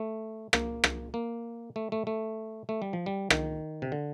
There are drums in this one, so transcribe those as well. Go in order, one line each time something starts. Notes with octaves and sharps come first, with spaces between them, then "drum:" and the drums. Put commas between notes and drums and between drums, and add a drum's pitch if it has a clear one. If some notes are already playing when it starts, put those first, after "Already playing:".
Already playing: A3
A#3, drum: rim click
drum: rim click
A#3
A3
A3
A3
A3
G3
F3
G3
D#3, drum: rim click
C3
D3